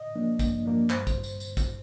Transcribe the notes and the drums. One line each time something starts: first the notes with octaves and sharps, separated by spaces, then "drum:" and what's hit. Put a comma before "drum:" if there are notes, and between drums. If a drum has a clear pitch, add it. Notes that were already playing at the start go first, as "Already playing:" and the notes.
Already playing: D#5
F3 A#3 D4
G2, drum: kick, tambourine
F3 A#3 D4
G2 C5, drum: clap
drum: kick, tambourine
drum: tambourine
drum: tambourine
drum: kick, tambourine